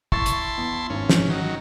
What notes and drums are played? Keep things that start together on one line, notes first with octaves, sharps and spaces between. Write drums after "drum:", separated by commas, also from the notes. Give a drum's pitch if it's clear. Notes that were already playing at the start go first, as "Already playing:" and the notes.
E4 A5 C6 C#6 A6, drum: kick
drum: hi-hat
E2
G#1 C#4
drum: snare
D#3 F#3